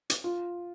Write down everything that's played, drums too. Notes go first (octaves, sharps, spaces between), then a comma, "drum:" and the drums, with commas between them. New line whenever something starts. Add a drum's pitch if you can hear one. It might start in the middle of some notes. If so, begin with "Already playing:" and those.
drum: hi-hat
F4